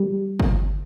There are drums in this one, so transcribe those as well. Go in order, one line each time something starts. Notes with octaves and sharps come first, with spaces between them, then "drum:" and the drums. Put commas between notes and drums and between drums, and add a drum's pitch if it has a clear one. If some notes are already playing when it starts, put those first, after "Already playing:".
Already playing: G3
drum: kick G1